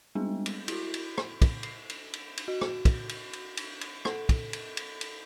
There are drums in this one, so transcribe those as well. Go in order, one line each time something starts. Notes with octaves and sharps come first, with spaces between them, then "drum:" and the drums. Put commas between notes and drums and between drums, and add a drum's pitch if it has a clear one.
G3 G#3 B3 C4 D4 G#4
drum: cymbal
E4 F#4, drum: cymbal
drum: cymbal
drum: rim click
drum: kick, cymbal
C7, drum: cymbal
drum: cymbal
drum: cymbal
drum: cymbal
F#4
drum: rim click
drum: kick, cymbal
drum: cymbal
drum: cymbal
drum: cymbal
drum: cymbal
A4, drum: rim click
drum: kick, cymbal
drum: cymbal
drum: cymbal
drum: cymbal